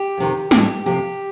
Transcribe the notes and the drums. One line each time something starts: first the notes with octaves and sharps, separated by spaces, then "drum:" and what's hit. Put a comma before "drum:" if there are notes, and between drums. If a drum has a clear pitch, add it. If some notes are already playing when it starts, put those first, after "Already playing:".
Already playing: G4
F2 C3 D#3
A2 E3 G4, drum: snare
F2 C3 F3 G4